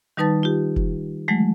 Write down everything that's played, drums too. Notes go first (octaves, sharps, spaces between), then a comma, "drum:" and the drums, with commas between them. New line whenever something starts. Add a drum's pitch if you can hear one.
D#3 G3 D#4 B4 A5 A6
F4 G4
drum: kick F1
E3 F#3 G#3 A3